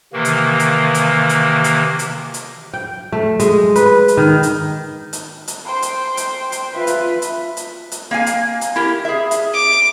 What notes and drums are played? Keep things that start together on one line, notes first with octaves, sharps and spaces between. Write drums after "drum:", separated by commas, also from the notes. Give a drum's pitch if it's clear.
C3 D#3 E3 A#3
drum: hi-hat
drum: hi-hat
drum: hi-hat
drum: hi-hat
drum: hi-hat
drum: hi-hat
drum: hi-hat
G5
A3
G#3, drum: hi-hat
B4, drum: hi-hat
drum: hi-hat
D#3
drum: hi-hat
drum: hi-hat
drum: hi-hat
C5 G5
drum: hi-hat
drum: hi-hat
drum: hi-hat
F4 B4 E5
drum: hi-hat
drum: hi-hat
drum: hi-hat
drum: hi-hat
A#3 F5 G#5
drum: hi-hat
drum: hi-hat
E4 G4 A#4
G#4 E5
drum: hi-hat
D6